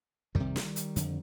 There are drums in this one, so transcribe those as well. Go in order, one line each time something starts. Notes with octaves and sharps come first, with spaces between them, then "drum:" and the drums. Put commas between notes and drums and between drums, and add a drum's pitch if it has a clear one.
F2 C3 D#3 G3, drum: kick
drum: snare
drum: hi-hat
F2 D3, drum: hi-hat